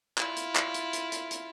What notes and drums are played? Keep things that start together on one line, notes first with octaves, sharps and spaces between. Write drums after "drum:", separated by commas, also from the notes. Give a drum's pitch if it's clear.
E4 F4, drum: clap
drum: hi-hat
drum: clap
drum: hi-hat
drum: hi-hat
drum: hi-hat
drum: hi-hat